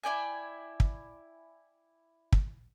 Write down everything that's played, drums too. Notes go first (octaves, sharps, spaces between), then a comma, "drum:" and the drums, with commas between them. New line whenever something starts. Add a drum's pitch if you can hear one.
E4 D5 G5 G#5
drum: kick
drum: kick